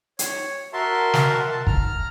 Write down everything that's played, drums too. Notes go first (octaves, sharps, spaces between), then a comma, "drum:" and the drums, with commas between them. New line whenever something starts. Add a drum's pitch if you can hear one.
C#5, drum: hi-hat
F#4 A#4 E5 A5 C6
drum: snare
A5
A#5 F6, drum: kick